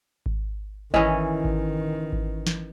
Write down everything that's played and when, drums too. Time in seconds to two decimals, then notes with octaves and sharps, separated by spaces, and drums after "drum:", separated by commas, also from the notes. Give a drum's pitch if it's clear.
0.26 drum: kick G#1
0.94 D#3 E3 C#4 D#5, drum: kick G#1
1.45 drum: kick G#1
2.13 drum: kick G#1
2.47 drum: snare